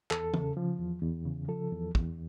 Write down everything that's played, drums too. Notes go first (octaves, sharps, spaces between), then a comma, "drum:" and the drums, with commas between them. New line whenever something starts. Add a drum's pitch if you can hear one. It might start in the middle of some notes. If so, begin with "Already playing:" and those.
E2 A4, drum: clap
C#3, drum: tom E3
F3
E2
E2
C#3
F3 A4
E2
E2, drum: kick